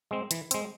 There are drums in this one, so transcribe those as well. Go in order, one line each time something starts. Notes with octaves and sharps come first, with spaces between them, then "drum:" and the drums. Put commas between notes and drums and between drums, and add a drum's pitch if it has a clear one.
G#3 C4
E3, drum: hi-hat
G#3 C4, drum: hi-hat